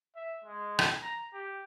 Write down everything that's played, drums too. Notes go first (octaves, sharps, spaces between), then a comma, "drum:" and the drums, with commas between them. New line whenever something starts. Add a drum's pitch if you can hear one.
E5
G#3
drum: rim click
A#5
G4